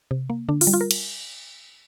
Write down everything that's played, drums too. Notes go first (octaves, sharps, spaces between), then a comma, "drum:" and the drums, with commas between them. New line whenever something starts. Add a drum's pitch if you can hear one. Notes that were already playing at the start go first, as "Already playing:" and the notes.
C3
A#3
D3 D4
F4, drum: open hi-hat
G3
F4
A#4
drum: cymbal